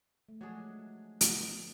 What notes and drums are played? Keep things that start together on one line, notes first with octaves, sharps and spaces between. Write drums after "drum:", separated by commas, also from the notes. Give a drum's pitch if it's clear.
A3
F3 F#3 G#3 D4 G#4
B3, drum: hi-hat